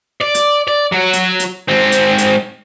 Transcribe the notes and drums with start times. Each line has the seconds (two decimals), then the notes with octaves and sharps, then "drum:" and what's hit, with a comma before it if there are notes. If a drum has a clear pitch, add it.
0.21 D5
0.35 drum: hi-hat
0.68 D5
0.92 F#3 F#4
1.13 drum: hi-hat
1.40 drum: hi-hat
1.68 G#2 C4
1.92 drum: hi-hat
2.18 drum: hi-hat